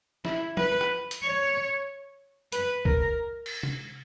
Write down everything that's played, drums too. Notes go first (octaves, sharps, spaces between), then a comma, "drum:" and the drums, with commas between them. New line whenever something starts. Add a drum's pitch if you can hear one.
E4, drum: snare
B4, drum: tom F3
drum: rim click
drum: hi-hat
C#5
B4, drum: hi-hat
A#4, drum: kick
drum: cymbal
drum: tom C3